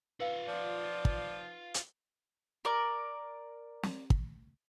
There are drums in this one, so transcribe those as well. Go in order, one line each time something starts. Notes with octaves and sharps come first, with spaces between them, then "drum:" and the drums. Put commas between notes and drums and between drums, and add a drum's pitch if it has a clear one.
F4 B4 F5 F#5
F3 D5
drum: kick
drum: hi-hat
A#4 D5
drum: snare
drum: kick